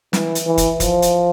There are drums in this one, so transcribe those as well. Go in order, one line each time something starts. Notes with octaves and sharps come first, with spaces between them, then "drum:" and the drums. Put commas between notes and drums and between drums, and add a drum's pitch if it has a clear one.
E3, drum: snare
drum: hi-hat
E3
drum: kick, hi-hat
F3, drum: kick, hi-hat
drum: hi-hat